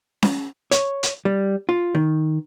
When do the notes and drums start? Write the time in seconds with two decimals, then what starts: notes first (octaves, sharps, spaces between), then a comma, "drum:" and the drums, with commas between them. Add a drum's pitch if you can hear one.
0.23 drum: snare C#4
0.71 C#5, drum: hi-hat
1.03 drum: hi-hat
1.25 G3
1.69 F4
1.95 D#3